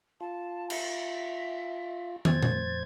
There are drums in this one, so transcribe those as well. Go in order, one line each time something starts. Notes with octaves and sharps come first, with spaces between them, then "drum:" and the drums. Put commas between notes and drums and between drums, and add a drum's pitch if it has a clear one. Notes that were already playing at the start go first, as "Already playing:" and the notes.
F4 A5
E5, drum: cymbal
F2 C5 G#6 A6, drum: tom
drum: tom A#2